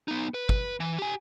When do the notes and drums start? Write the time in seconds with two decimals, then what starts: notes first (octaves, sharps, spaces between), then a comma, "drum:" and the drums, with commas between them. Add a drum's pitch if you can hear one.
0.08 B3 D#4
0.34 B4
0.49 B4, drum: kick
0.80 E3
0.98 G4 G#5